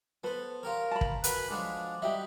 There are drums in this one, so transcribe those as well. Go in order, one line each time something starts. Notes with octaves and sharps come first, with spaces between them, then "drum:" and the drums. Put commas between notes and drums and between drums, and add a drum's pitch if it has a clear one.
B3 A4 B4 C5
F4 G4 A#4 C#5
A5 B5
drum: kick
F#3 A#4 B4 G#5, drum: hi-hat
F3 F#3 G#3 D4 A4
F#3 G3 D#4 G4 E5